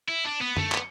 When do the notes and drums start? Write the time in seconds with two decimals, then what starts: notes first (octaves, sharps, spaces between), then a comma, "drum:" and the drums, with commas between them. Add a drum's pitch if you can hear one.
0.08 E4
0.25 D4
0.41 B3
0.57 A3, drum: tom F#2
0.72 B3, drum: clap